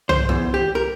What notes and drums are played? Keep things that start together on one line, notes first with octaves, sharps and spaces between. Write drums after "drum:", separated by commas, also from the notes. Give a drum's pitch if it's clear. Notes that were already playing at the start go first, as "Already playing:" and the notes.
C5, drum: tom
E2
G4
A#4